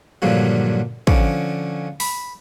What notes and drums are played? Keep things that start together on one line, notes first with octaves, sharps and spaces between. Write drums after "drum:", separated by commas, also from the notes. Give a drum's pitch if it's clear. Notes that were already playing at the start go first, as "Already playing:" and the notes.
G2 A#2 D3 F3 F#3
D3 F3 C#4 D6, drum: kick
B5, drum: open hi-hat